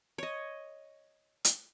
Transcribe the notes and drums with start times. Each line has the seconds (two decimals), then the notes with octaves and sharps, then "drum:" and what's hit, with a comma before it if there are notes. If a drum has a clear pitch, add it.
0.18 C#5 D#5
1.45 drum: hi-hat